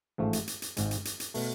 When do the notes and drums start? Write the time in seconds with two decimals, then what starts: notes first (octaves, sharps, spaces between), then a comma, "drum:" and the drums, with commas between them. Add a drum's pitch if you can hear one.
0.18 A1 G#2 F3 A3
0.33 drum: hi-hat
0.47 drum: hi-hat
0.62 drum: hi-hat
0.77 G#1 G#2 G#3, drum: hi-hat
0.91 drum: hi-hat
1.05 drum: hi-hat
1.20 drum: hi-hat
1.34 B2 A3, drum: open hi-hat